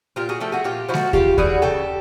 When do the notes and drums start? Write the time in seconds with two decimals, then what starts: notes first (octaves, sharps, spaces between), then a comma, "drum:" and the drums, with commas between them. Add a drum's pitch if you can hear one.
0.16 A#2 F4 G4
0.29 F#4 G#4
0.40 F3 A3 G4 A4
0.52 F#4 G#4
0.64 A#2 F4 G4
0.89 F3 E4 F#4
0.94 A3, drum: snare G#3
1.13 C#3 F4 G4, drum: kick D#2
1.38 E3 G3 F#4 G#4, drum: kick D#2
1.62 C#3 G4 A4